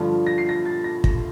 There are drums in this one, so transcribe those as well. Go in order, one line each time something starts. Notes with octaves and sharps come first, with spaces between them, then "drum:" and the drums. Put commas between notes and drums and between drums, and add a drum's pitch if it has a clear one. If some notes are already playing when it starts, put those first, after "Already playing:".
Already playing: G2 D3 F3
A#6
C7
A#6
A6
A#6
A#6, drum: kick